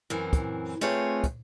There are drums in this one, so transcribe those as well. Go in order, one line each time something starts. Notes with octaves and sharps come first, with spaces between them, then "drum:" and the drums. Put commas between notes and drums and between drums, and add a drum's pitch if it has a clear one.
F#2 E3 C4
drum: kick, hi-hat
A3 C4 F4 G#4 B4 C#5
drum: kick, hi-hat